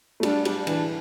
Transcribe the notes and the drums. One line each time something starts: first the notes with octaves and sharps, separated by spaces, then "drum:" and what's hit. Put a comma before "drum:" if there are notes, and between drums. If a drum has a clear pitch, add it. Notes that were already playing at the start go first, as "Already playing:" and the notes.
A3
G3 D4, drum: cymbal
G3 D4, drum: cymbal
E3 D4, drum: cymbal